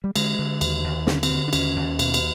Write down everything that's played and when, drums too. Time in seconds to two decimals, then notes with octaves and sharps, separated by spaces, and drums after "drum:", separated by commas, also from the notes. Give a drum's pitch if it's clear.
0.04 G3
0.16 D3 G#3, drum: cymbal
0.39 D3
0.61 D#2, drum: cymbal
0.84 D#2
1.07 D3 C4, drum: snare
1.15 C#4
1.23 C4, drum: cymbal
1.30 D3
1.48 D4
1.53 D#2 C#4, drum: cymbal
1.76 D#2
1.99 B2, drum: cymbal
2.14 drum: cymbal